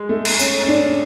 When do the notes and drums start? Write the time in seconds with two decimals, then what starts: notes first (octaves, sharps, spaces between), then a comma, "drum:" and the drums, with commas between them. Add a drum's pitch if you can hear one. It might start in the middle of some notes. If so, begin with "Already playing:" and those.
Already playing: G#3
0.09 A3
0.25 drum: cymbal
0.39 C#4, drum: tambourine
0.63 C#4
0.68 D4